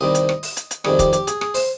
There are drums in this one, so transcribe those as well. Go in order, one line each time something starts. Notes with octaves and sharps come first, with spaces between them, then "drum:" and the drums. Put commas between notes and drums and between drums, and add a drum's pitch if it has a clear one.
C2 C3 D#3 G3 D#5
drum: hi-hat
drum: rim click
drum: open hi-hat
drum: hi-hat
drum: hi-hat
F2 C3 D#3 G3 G#4, drum: rim click
G4, drum: kick, hi-hat
G4, drum: hi-hat
G#4, drum: hi-hat
G#4, drum: rim click
C5, drum: open hi-hat